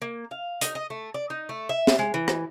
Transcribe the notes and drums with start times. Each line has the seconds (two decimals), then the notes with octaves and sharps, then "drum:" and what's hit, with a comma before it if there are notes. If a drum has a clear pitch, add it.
0.02 A#3
0.31 F5
0.61 D#4, drum: hi-hat
0.75 D#5
0.90 A3
1.14 D5
1.30 D#4
1.49 A3
1.69 E5
1.87 drum: snare
1.99 G#3
2.14 E3
2.28 drum: rim click